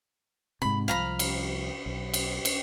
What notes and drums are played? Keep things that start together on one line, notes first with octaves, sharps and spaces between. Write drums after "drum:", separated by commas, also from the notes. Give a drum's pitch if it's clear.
G#2 C3 B5
C2 F3 F5 A#5 B5
drum: cymbal
B1
drum: cymbal
drum: cymbal